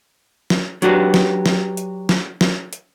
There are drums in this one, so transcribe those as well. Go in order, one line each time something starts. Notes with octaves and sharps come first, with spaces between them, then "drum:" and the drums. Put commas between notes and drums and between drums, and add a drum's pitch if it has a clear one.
drum: snare
F#3 D4 F#4 G4 B4, drum: hi-hat
drum: snare
drum: snare
drum: hi-hat
drum: snare
drum: snare
drum: hi-hat